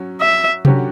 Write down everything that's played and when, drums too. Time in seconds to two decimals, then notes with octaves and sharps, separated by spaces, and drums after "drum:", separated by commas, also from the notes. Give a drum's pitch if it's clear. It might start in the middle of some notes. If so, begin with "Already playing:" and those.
Already playing: F#3 C#4
0.21 E5
0.65 D3 F#3 C#4 G4, drum: tom C3